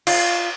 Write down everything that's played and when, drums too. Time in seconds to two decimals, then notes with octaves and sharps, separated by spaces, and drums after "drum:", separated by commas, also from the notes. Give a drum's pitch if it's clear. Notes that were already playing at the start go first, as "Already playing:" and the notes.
0.07 F4, drum: cymbal